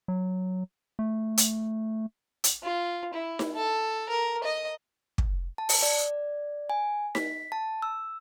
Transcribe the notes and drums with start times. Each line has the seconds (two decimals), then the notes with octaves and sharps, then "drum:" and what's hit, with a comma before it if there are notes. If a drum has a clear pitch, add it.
0.08 F#3
0.99 A3
1.37 drum: hi-hat
2.44 drum: hi-hat
2.63 F4
3.13 E4
3.39 drum: snare D#4
3.55 A4
4.09 A#4
4.44 D#5
5.18 drum: kick
5.58 A5
5.69 drum: open hi-hat
5.83 D5
6.70 G#5
7.15 B6, drum: snare D#4
7.52 A5
7.82 E6